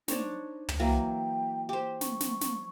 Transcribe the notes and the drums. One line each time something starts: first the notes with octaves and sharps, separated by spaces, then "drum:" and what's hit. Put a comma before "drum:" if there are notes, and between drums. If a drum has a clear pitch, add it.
D4 D#4 C5 C#5, drum: snare
drum: tom
E3 F#3 A#3 G5
G4 C5
C#6, drum: snare
drum: snare
drum: snare